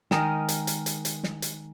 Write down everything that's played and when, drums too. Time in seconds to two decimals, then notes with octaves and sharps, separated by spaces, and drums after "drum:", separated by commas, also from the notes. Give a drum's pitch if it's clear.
0.11 D#3 G#3 D#4 A#4, drum: snare
0.48 drum: hi-hat
0.67 drum: hi-hat
0.86 drum: hi-hat
1.05 drum: hi-hat
1.24 drum: snare
1.42 drum: hi-hat